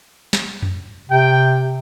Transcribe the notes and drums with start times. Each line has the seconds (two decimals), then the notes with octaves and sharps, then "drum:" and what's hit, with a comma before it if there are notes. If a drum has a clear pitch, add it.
0.33 drum: snare
0.62 drum: tom F2
1.10 C3 G5